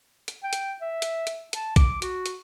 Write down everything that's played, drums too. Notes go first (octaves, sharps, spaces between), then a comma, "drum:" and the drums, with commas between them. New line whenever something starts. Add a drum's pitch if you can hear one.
drum: hi-hat
G5
drum: hi-hat
E5
drum: hi-hat
drum: hi-hat
A5, drum: hi-hat
D6, drum: kick A#1, hi-hat
F#4, drum: hi-hat
drum: hi-hat